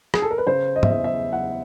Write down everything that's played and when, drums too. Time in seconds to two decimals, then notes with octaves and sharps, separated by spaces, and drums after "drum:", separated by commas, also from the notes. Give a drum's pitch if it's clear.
0.14 G#4, drum: rim click
0.22 A4
0.31 A#4
0.38 B4
0.47 C#3 C5
0.76 D#5
0.83 E5, drum: tom
0.89 E2 D#5
1.04 E5
1.32 E2 F#5